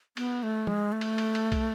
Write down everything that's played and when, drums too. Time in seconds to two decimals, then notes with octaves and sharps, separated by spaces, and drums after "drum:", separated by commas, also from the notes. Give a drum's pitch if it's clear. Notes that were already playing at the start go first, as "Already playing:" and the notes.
0.17 B3, drum: cymbal
0.43 A3
0.67 G#3, drum: tom
0.92 A3
1.01 drum: cymbal
1.18 drum: cymbal
1.35 drum: cymbal
1.52 drum: kick, cymbal